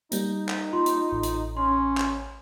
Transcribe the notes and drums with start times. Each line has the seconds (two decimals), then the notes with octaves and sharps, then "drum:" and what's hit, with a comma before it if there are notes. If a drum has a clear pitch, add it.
0.12 G3 A#3 D#4, drum: hi-hat
0.49 drum: clap
0.72 F4 C6
0.86 drum: hi-hat
1.12 A1
1.23 drum: hi-hat
1.57 C#4 C6
1.97 drum: clap